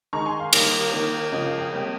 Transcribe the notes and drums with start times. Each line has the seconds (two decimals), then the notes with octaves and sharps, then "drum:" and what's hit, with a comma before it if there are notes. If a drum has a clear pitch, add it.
0.13 D#3 G#3 A#5 C#6
0.26 G#5 C6
0.39 F5
0.53 D#3 G3 A#3, drum: cymbal
0.92 D#3 A#3
1.32 C#3 F3 G#3 D#5
1.45 F5
1.58 D#5 G5
1.72 C3 G3 A#3